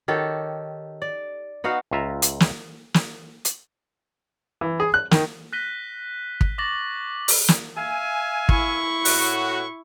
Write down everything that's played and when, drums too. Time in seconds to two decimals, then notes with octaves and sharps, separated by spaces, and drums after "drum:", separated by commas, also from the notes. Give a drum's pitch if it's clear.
0.08 D#3 G4 A4 C#5
1.02 D5
1.64 B3 D#4 F#4 F5
1.91 C#2 F4 E5 A#5
2.22 drum: hi-hat
2.40 drum: snare
2.94 drum: snare
3.45 drum: hi-hat
4.61 E3
4.80 G#4
4.94 F#6
5.11 D#3, drum: snare
5.53 F#6 A#6 B6 D#7 G7
6.41 drum: kick
6.58 C#6 D6 A6 A#6 F#7
7.28 drum: open hi-hat
7.48 drum: snare
7.77 E5 F5 G#5
8.49 E4 C#6, drum: kick
9.05 A2 F#4, drum: open hi-hat